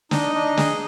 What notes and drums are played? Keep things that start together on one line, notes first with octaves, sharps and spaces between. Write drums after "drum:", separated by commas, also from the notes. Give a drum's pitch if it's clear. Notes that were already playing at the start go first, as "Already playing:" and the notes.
D4 D#4 D#5, drum: snare
D4
G#4, drum: snare